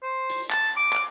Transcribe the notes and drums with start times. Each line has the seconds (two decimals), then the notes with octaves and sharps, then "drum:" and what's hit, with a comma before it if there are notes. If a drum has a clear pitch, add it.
0.03 C5
0.30 drum: hi-hat
0.51 A5, drum: clap
0.77 D6
0.93 drum: clap